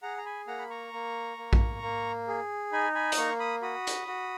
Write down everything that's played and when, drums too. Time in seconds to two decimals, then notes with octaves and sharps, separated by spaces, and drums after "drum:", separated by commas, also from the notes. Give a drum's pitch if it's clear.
0.02 G#4 F#5 A#5
0.17 A#5
0.25 G#5 B5
0.47 A#3 F#5 A#5
0.59 B5
0.70 A#5 C#6
0.93 A#3
1.37 A#3
1.53 drum: kick A#1
1.82 A#3
2.28 G#4
2.72 D#4 G#5 B5
2.95 G#5 B5
3.12 D#6, drum: hi-hat
3.17 A#3 A#5 C#6
3.39 B5 D#6
3.62 F#4 B5 D#6
3.87 drum: hi-hat
4.07 F#4